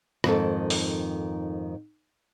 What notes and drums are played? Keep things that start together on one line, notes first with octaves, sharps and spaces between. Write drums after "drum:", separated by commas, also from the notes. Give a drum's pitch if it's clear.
F2 G#2 D#3 A4, drum: rim click
drum: open hi-hat